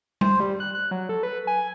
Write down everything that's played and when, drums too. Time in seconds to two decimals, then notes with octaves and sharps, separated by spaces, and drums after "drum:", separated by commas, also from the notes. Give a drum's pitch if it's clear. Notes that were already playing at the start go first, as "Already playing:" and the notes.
0.21 C5, drum: tom G3
0.40 G3
0.60 F#6
0.75 F#6
0.91 F#3
1.09 A4
1.23 B4
1.47 G#5